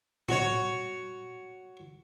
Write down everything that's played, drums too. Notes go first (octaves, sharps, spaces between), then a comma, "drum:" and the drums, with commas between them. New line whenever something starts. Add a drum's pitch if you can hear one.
F#4 C#5, drum: tom A2